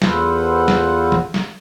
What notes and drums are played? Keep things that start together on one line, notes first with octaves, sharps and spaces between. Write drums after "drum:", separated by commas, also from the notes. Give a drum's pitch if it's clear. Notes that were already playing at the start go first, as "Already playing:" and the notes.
E2 F4 A4 B4 C5 F#5, drum: snare
drum: snare
drum: tom
drum: snare